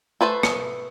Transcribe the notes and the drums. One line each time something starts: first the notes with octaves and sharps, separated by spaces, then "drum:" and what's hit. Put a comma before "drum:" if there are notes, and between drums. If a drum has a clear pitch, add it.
A3 B4 C5 A5
drum: rim click